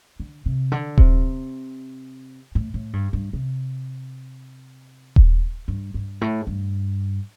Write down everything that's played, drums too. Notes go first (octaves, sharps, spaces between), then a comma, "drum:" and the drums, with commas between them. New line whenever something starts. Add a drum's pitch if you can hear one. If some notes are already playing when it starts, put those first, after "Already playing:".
D3
C3
D3
C3, drum: kick D#1
A2
A2
G2
G2
C3
drum: kick D#1
G2
G2
A2
G2